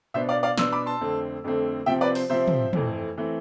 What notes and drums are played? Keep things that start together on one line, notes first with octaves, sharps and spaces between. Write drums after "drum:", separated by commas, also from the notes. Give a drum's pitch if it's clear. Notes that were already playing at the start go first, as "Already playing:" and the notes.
B2 B3 D4 C5 E5
D5 F5
D5 F5
B2 B3 D4 C6 E6, drum: snare
B5 D6
A5 C6
F2 D3 A3 C4
F2 D3 A3 C4
C3 F3 C4 E5 G5
B4 D5
C5, drum: open hi-hat
C3 F3 C4 C5 E5
drum: tom
F2 E3 A3 C4, drum: tom
E3 A3 C4